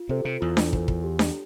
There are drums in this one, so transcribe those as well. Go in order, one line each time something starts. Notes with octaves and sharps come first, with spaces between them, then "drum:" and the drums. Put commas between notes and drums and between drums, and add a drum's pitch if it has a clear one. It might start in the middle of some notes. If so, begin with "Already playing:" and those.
Already playing: F4
C3 A4 C5
C3
E2 F4
drum: snare D4
A4 C5, drum: kick
drum: kick
G4
drum: snare D4